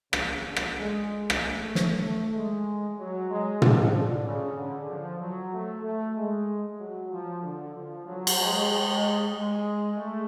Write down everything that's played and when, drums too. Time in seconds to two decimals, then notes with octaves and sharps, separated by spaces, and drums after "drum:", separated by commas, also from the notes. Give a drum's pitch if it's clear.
0.13 C#3, drum: rim click
0.44 D3
0.56 drum: rim click
0.76 G#3
1.30 drum: rim click
1.40 A3
1.75 drum: snare
2.03 A3
2.36 G#3
2.99 F#3
3.30 G#3
3.62 F3, drum: tom
3.94 D3
4.26 C#3
4.58 D3
4.90 F3
5.20 F#3
5.53 A3
5.85 A3
6.16 G#3
6.79 F#3
7.12 F3
7.43 D3
7.75 F3
8.06 F#3
8.27 drum: cymbal
8.39 G#3
8.70 G#3
9.34 G#3
9.97 A3